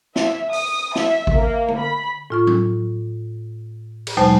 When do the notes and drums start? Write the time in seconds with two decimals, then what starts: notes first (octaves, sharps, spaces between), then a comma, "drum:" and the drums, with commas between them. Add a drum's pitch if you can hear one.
0.16 E5, drum: snare
0.53 D#6, drum: open hi-hat
0.95 E5, drum: snare
1.27 drum: kick G#1
1.37 A#3
1.68 drum: tom
1.78 B5
2.30 A2 F4 C#6
2.47 drum: tom F#3
4.07 drum: cymbal
4.17 D#2 B2 F#3 G#3 C5 A5